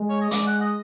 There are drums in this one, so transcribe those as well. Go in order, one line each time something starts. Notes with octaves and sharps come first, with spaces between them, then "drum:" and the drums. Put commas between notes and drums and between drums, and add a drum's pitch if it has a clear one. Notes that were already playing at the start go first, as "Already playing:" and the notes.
Already playing: G#3
C#5
D#5
G#3 D5, drum: hi-hat
F#5
D#5